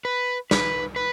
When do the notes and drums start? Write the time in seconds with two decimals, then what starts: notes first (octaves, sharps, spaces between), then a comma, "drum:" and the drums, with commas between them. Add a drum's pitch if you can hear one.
0.05 B4
0.51 B4, drum: snare
0.96 B4